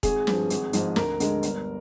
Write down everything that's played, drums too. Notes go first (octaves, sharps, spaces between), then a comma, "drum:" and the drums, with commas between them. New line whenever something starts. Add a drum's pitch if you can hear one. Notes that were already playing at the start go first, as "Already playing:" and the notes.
G#1 G#4, drum: kick E1, hi-hat
G2 F3, drum: snare
G#1, drum: hi-hat
G#2 F3, drum: hi-hat
D2 A#4, drum: snare
D3 G#3, drum: hi-hat
G1, drum: hi-hat